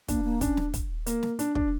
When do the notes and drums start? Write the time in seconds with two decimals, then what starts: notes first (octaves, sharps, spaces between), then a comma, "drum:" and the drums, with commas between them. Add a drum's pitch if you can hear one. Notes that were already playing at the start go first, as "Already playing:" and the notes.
0.08 A#3 D4, drum: kick, hi-hat
0.24 A#3
0.41 C#4 D4, drum: kick, hi-hat
0.57 drum: snare
0.74 drum: kick, hi-hat
1.06 A#3, drum: hi-hat
1.23 drum: snare
1.39 D4, drum: hi-hat
1.55 D4, drum: kick